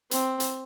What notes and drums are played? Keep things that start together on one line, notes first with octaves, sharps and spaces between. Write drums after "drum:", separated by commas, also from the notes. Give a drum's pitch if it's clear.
C4, drum: hi-hat
drum: hi-hat